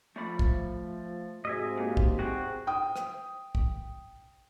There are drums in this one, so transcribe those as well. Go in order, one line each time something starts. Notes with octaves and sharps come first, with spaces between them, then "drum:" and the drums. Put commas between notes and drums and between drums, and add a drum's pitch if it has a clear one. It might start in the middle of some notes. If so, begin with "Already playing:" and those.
F3 A3 D5 B5
drum: kick
G#2 C3 F#4 G#4 D#5 E5 G#5
F#2 A#2
drum: kick
E2 C4 F#4 G#4 G5
G5 D#6
drum: rim click
drum: kick